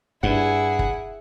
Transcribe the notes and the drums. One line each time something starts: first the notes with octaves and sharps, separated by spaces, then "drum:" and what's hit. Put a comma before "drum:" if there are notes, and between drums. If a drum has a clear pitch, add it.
G2 E4 G#4 F#5, drum: kick
drum: kick